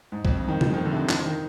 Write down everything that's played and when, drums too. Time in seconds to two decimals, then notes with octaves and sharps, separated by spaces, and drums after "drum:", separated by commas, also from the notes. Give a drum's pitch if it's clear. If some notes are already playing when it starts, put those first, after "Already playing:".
0.12 G#2
0.25 F2, drum: kick
0.37 G2
0.48 D#3
0.61 F3, drum: tom C3
0.73 D#3
0.85 D3
0.92 C3
0.97 D3
1.09 F3, drum: clap
1.26 D#3